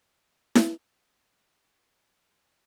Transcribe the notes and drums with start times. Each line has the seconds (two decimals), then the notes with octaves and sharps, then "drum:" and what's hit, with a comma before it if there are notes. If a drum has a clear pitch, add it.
0.55 drum: snare E4
0.80 B5 D6 C#7